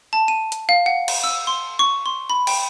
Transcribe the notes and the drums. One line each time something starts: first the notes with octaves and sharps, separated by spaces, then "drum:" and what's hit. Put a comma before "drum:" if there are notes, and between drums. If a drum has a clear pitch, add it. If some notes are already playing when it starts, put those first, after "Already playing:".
A5
D#7
drum: hi-hat
F5
F#5
drum: cymbal
E6
C6
C#6
C6
B5
G5, drum: cymbal